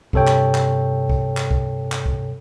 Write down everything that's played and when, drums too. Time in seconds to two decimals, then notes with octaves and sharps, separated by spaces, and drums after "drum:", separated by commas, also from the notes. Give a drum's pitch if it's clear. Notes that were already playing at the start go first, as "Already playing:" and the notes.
0.13 G2 C3 A4 C#5 G5, drum: kick
0.27 drum: clap
0.54 drum: clap
1.09 drum: kick
1.37 drum: clap
1.51 drum: kick
1.92 drum: clap
2.06 drum: kick